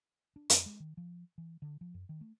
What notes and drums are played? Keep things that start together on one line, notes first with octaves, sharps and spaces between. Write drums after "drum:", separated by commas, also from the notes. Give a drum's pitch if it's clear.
D4
F2, drum: hi-hat
G#3
D#3
F3
E3
D3
F3
F#2
D#3
A3